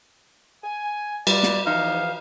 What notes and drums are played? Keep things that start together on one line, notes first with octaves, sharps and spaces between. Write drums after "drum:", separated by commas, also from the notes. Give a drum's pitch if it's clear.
G#5
G3 F4 B4 D5, drum: cymbal
drum: snare
E2 E3 F3 D#4 F5